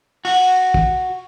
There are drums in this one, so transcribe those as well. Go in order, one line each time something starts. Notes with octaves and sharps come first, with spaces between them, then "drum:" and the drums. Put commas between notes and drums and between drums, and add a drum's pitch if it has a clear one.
F#4, drum: open hi-hat
drum: kick